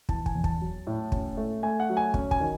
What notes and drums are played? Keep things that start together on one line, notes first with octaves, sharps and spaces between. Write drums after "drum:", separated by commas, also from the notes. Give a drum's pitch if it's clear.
E3 A5, drum: kick
G#5, drum: kick
E2
A5, drum: kick
F#3
A2
C#4, drum: kick
A3
A3 G#5
F#5
F#3
G#5
C#4, drum: kick
G#5, drum: kick
D#3